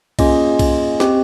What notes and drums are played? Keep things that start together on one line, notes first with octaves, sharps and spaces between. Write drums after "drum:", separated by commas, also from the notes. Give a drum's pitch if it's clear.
A#3 C#4 F4 G#4 D#5, drum: kick C2, cymbal
drum: kick C2, cymbal
C4 G4, drum: snare